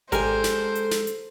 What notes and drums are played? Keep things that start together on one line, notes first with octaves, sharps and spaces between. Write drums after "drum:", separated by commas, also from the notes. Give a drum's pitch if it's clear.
G#3 D4 G4 A4 A#4 C5 G#5, drum: kick G#1, hi-hat
drum: snare
drum: hi-hat
drum: snare
drum: hi-hat